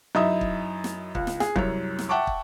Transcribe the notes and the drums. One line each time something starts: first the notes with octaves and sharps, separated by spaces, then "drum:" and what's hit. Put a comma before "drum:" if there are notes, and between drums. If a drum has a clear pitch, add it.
F#2 D#4 E4 D#5 E5 D#6
drum: kick
drum: snare
C#2, drum: kick
drum: snare
G#4, drum: snare
C2 F#2 C#5, drum: kick
drum: snare
E5 F#5 G5 A5 C#6 D6
drum: kick